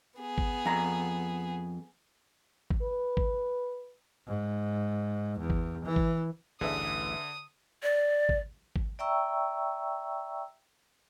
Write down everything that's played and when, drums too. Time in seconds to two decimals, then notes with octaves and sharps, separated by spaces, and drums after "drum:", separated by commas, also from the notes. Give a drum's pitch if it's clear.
0.20 B3 G#4
0.38 drum: kick G#1
0.65 F2 A#5
2.70 drum: kick G#1
2.82 B4
3.17 drum: kick G#1
4.26 G#2
5.39 E2
5.50 drum: kick G#1
5.85 E3
5.96 drum: kick G#1
6.61 A1 D2 G2 D3 G#4 B4 E5 D#6
7.83 D5
8.29 drum: kick G#1
8.76 drum: kick G#1
8.99 D5 E5 G5 A#5 C#6 E6